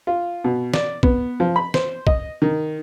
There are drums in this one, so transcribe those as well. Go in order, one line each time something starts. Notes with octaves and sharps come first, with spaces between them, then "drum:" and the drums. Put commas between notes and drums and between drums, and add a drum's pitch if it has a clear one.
F4
B2
D5, drum: snare
B3, drum: kick
F3
B5
C5, drum: snare
D#5, drum: kick
D#3